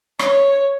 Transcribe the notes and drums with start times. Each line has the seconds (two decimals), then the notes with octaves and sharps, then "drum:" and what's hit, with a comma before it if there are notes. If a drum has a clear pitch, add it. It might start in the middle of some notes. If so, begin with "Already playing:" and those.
0.19 C#5, drum: rim click